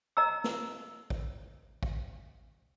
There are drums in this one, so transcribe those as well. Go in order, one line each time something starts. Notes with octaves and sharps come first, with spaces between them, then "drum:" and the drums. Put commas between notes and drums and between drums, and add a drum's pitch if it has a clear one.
D#5 A#5 E6
drum: snare
drum: kick A1
drum: kick A1